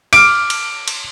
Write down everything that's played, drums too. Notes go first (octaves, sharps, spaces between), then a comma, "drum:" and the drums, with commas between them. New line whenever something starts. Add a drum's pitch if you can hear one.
D6 F6 D7, drum: cymbal
drum: cymbal
drum: cymbal